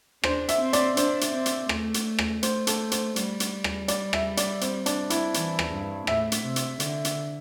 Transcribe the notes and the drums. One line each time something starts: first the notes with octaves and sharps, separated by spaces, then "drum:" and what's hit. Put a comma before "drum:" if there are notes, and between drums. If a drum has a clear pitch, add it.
D4 C5, drum: rim click
E5, drum: hi-hat
C4
D5, drum: hi-hat
D4 C5, drum: hi-hat
drum: hi-hat
C4
drum: hi-hat
A3, drum: rim click
drum: hi-hat
drum: rim click
A3 C5, drum: hi-hat
A4, drum: hi-hat
C5, drum: hi-hat
G3, drum: hi-hat
drum: hi-hat
drum: rim click
D5, drum: hi-hat
E5, drum: rim click
D5, drum: hi-hat
C4, drum: hi-hat
D4, drum: hi-hat
E4, drum: hi-hat
E3, drum: hi-hat
drum: rim click
G2
A2 E5, drum: rim click
drum: hi-hat
C3
drum: hi-hat
D3, drum: hi-hat
drum: hi-hat